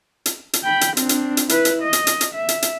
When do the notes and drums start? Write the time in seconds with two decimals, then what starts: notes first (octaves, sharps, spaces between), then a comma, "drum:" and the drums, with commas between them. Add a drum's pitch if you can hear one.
0.26 drum: hi-hat
0.53 drum: hi-hat
0.64 G5 B5
0.81 drum: hi-hat
0.97 C4 D4, drum: hi-hat
1.09 drum: hi-hat
1.37 drum: hi-hat
1.49 E4 B4, drum: hi-hat
1.65 drum: hi-hat
1.83 D#5
1.93 drum: hi-hat
2.07 drum: hi-hat
2.21 drum: hi-hat
2.35 E5
2.49 drum: hi-hat
2.62 drum: hi-hat